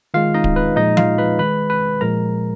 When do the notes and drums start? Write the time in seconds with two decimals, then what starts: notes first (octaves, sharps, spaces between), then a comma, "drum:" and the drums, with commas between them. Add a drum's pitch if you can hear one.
0.14 D#3 G#3 F4 F5
0.34 D#4 D#5
0.44 drum: kick D1
0.56 B4
0.76 A#2 F3 G#3 D#4 D#5
0.97 F4 F5, drum: tom F3
1.18 B4 B5
1.38 D#3 G#3 B4 B5
1.70 B4 B5
2.01 A#2 F3 G#3 A#4 A#5